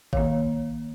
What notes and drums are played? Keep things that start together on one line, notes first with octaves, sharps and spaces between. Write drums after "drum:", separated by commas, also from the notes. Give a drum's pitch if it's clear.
D#3 A#3 C#5 F5, drum: kick G#1